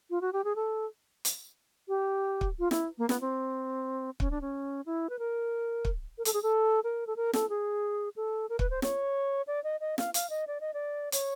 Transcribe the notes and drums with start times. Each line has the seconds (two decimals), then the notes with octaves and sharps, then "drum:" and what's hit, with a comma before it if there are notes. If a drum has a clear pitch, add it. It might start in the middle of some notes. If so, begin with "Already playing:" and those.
0.10 F4
0.21 F#4
0.33 G4
0.44 G#4
0.55 A4
1.25 drum: hi-hat
1.88 G4
2.41 drum: kick
2.59 F4
2.71 E4, drum: snare
2.98 A#3
3.09 B3, drum: snare
3.21 C4
4.20 C#4, drum: kick
4.31 D4
4.41 C#4
4.86 E4
5.09 B4
5.19 A#4
5.85 drum: kick
6.18 A#4
6.25 A4, drum: hi-hat
6.33 G#4
6.43 A4
6.84 A#4
7.07 A4
7.16 A#4
7.33 A4, drum: snare
7.49 G#4
8.16 A4
8.49 A#4
8.59 B4, drum: kick
8.70 C5
8.82 C#5, drum: snare
9.47 D5
9.64 D#5
9.80 D#5
9.98 F5, drum: snare
10.14 F5, drum: hi-hat
10.30 D#5
10.47 D5
10.60 D#5
10.74 D5
11.12 C#5, drum: hi-hat